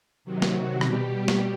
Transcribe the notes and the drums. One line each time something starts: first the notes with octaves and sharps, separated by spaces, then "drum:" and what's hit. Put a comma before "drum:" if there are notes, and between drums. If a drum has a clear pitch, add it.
C3 D#3 F#3
drum: snare
F#4
B2 G3 G4, drum: rim click
drum: snare